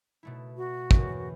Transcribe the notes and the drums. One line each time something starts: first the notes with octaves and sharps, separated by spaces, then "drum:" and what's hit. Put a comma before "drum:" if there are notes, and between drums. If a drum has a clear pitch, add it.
B2 A3 E4
F#4
F#1 E2 E3, drum: kick